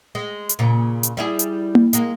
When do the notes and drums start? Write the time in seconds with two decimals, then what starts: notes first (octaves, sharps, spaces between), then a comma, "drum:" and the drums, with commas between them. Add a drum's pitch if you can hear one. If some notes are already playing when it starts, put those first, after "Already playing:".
0.15 G#3
0.49 drum: hi-hat
0.59 A#2 C#3
1.03 drum: hi-hat
1.17 G3 E4 G#4
1.39 drum: hi-hat
1.75 drum: tom A#3
1.93 G#3 A#3, drum: hi-hat